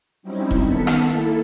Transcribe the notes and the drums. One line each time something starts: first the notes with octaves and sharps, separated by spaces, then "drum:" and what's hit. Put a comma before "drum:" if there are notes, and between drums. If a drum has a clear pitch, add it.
F#3 G3 C4 C#4 D#4 E4
drum: kick E1
D#3 B3 A4 B6 C#7
drum: rim click
A#3 E4 A4